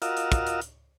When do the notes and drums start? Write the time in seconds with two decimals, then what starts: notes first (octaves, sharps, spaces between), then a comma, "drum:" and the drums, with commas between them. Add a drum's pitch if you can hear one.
0.02 F4 F#4 A#4 D#5 F5 E6, drum: hi-hat
0.17 drum: hi-hat
0.32 drum: kick, hi-hat
0.47 drum: hi-hat
0.62 drum: hi-hat